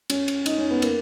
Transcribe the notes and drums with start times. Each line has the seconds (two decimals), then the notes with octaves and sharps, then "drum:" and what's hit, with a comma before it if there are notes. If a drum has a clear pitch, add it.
0.10 C#4, drum: cymbal
0.28 drum: cymbal
0.46 D#4, drum: cymbal
0.58 C#4
0.71 B3
0.82 A#3, drum: cymbal